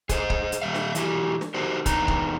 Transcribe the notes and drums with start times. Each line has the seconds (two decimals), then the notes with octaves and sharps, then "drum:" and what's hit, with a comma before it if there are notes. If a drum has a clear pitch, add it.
0.09 G#4 C5 D#5, drum: kick, hi-hat
0.30 drum: kick
0.52 drum: hi-hat
0.62 G3 E5 F5
0.74 drum: snare
0.95 E3 E4 F#4 G4, drum: hi-hat
1.41 drum: snare
1.54 D#4 F#4 G4 A#4 C5
1.86 E2 D4 D#4 B4 A#5, drum: kick, hi-hat
2.08 drum: kick